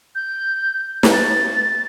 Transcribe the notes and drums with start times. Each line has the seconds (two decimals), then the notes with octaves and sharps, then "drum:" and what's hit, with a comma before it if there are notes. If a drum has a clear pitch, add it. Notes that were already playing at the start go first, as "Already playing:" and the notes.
0.15 G6
1.03 drum: snare
1.13 A6